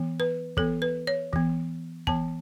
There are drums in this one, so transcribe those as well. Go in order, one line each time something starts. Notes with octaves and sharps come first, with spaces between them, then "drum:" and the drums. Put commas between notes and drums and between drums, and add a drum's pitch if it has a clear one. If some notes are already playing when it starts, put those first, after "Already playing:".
Already playing: E3 B3
B4
E3 B3 A4, drum: kick
B4
C#5
E3 B3, drum: kick
E3 B3 A5, drum: kick